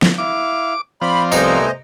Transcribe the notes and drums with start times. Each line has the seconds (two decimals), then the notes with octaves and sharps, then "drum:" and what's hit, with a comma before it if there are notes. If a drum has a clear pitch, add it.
0.02 drum: snare
0.18 E4 F5 D6
1.02 F3 C4 D5 B5
1.32 C2 A3 B3 D#4 C5 D#5 G#5 A#5, drum: tambourine